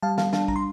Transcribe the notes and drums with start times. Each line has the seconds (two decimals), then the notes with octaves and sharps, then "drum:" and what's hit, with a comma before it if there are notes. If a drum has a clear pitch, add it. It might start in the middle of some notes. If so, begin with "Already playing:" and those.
0.02 G3 F5 A5
0.18 F5 A5, drum: snare
0.33 D4 F5 A5, drum: snare
0.48 A#5, drum: kick A1
0.56 C6